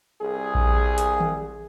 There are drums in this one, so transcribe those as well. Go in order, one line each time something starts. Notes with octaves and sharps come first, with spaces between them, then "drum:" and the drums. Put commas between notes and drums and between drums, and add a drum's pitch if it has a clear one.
C2 G#4
drum: kick A#1
drum: hi-hat
drum: tom D#3